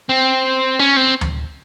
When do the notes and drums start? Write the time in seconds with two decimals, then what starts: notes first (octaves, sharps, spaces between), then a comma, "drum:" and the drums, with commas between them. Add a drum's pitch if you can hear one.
0.09 C4
0.79 C#4
0.96 C4
1.21 drum: tom D2